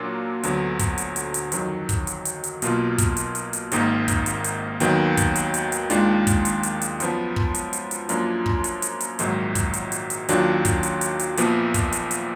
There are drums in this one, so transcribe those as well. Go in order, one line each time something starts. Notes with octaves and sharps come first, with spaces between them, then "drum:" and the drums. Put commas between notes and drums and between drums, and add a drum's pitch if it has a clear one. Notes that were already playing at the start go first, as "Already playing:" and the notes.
Already playing: A#2 F#3 A#3 D4 F4
D2 D3 F#3 B3, drum: hi-hat
drum: kick, hi-hat
drum: hi-hat
drum: hi-hat
drum: hi-hat
F2 D#3 F#3, drum: hi-hat
drum: kick, hi-hat
drum: hi-hat
drum: hi-hat
drum: hi-hat
B1 B2 A#3 F4, drum: hi-hat
drum: kick, hi-hat
drum: hi-hat
drum: hi-hat
drum: hi-hat
G#1 G#2 D#3 A#3, drum: hi-hat
drum: kick, hi-hat
drum: hi-hat
drum: hi-hat
D#2 D#3 F#3 B3, drum: hi-hat
drum: kick, hi-hat
drum: hi-hat
drum: hi-hat
drum: hi-hat
D#2 D#3 G#3 D4 F4, drum: hi-hat
drum: kick, hi-hat
drum: hi-hat
drum: hi-hat
drum: hi-hat
F#2 F3 B3, drum: hi-hat
drum: kick
drum: hi-hat
drum: hi-hat
drum: hi-hat
F#2 F3 A#3 D4 F4, drum: hi-hat
drum: kick
drum: hi-hat
drum: hi-hat
drum: hi-hat
A#1 G#2 D#3 F#3, drum: hi-hat
drum: kick, hi-hat
drum: hi-hat
drum: hi-hat
drum: hi-hat
D#2 D#3 F#3 D4 F4, drum: hi-hat
drum: kick, hi-hat
drum: hi-hat
drum: hi-hat
drum: hi-hat
A#1 A#2 F3 B3, drum: hi-hat
drum: kick, hi-hat
drum: hi-hat
drum: hi-hat